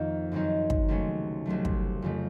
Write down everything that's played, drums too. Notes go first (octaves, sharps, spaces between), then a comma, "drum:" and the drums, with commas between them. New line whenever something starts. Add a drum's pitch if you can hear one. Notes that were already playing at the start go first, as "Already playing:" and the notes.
Already playing: F2 D#3 A#3 D#4
F#2 D#3 F#3 C4 D#4
drum: kick
C#2 C3 F#3 A3 C#4
C2 C3 F#3 A3
drum: kick
F2 C#3 A3